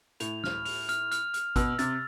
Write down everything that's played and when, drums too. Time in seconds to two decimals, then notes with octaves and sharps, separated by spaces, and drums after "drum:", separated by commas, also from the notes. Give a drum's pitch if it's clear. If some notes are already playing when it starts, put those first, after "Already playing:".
0.20 A2 F7, drum: hi-hat
0.44 F6, drum: snare
0.65 F7, drum: open hi-hat
0.89 F6, drum: hi-hat
1.12 F6, drum: hi-hat
1.34 F6, drum: hi-hat
1.56 B2 E6, drum: kick G#1, hi-hat
1.79 C3 A6, drum: hi-hat